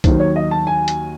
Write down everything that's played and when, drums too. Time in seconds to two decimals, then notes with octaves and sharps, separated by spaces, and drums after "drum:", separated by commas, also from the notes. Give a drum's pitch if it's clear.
0.04 D#2 D#3 F#3 C5, drum: kick B1, hi-hat
0.20 C#5
0.36 D#5
0.51 A5
0.67 G#5
0.88 drum: hi-hat